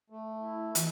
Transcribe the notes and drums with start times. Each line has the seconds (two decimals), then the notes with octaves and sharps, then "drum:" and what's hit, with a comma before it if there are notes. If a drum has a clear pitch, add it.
0.10 A3
0.38 E4
0.75 E3, drum: hi-hat